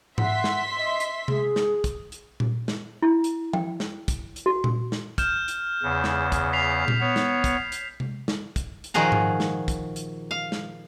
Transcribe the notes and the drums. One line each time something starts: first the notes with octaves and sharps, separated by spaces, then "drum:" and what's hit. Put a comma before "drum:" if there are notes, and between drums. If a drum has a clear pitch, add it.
E5 F#5 C6 B6, drum: tom G#2
drum: snare
D#5
drum: hi-hat
G#4, drum: tom C3
drum: snare
drum: kick, hi-hat
drum: hi-hat
drum: tom A#2
drum: snare
E4
drum: hi-hat
G5, drum: tom F3
drum: snare
drum: kick, hi-hat
drum: hi-hat
F#4
drum: tom A#2
drum: snare
F6 G6 E7, drum: kick, hi-hat
drum: hi-hat
E2 C#3
drum: snare
drum: kick, hi-hat
B6 C7 F7
drum: tom A#2
B3 C#5
drum: snare
drum: kick, hi-hat
drum: hi-hat
drum: tom C3
drum: snare
drum: kick, hi-hat
drum: hi-hat
A#2 D#3 F3 F#4 G#4 A#5
drum: tom G#2
drum: snare
drum: kick, hi-hat
drum: hi-hat
F5
drum: snare